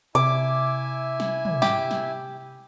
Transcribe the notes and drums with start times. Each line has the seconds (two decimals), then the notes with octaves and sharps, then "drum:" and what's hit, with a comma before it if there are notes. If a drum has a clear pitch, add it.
0.15 C3 E4 E5 G#5 D6, drum: hi-hat
1.20 drum: snare
1.45 drum: tom
1.62 G4, drum: snare
1.91 drum: snare